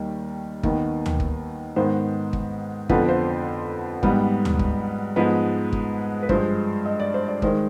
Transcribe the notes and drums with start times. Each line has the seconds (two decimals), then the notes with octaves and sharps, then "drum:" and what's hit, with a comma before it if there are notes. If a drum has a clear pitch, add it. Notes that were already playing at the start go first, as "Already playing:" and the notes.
Already playing: D#2 D#3 G3
0.63 D#2 D#3 B3, drum: kick
1.06 drum: tom
1.20 drum: kick
1.76 G#2 D#3 B3 C5
2.33 drum: kick
2.89 F2 D3 F3 B3 B4, drum: kick
3.08 C5
4.03 G#2 G3 B3, drum: kick
4.45 drum: tom
4.59 drum: kick
5.16 G#2 F3 G#3 B3 B4
5.73 drum: kick
6.22 B4
6.29 G2 F3 G#3 C5, drum: kick
6.86 D#5
7.00 D5
7.14 C5
7.28 D5
7.42 D#3 G#3 C5, drum: kick